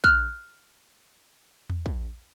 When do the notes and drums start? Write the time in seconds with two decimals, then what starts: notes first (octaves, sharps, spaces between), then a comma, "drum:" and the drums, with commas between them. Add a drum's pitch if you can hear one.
0.04 F6 F#6, drum: kick
1.70 drum: tom E2
1.86 drum: kick